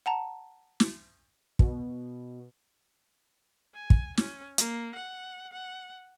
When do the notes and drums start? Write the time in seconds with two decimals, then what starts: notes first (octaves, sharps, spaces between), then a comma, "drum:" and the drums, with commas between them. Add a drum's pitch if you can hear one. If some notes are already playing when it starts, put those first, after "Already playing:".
0.06 F#5 A5 A#5
0.80 drum: snare
1.59 B2, drum: kick
3.74 G#5
3.90 drum: kick
4.17 C#4, drum: snare
4.58 A#3, drum: hi-hat
4.95 F#5
5.52 F#5